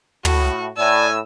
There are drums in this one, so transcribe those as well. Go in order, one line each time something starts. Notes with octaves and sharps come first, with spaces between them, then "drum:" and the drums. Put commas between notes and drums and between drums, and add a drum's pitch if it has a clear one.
A2 F#4, drum: tom
A2 D5 G#5 E6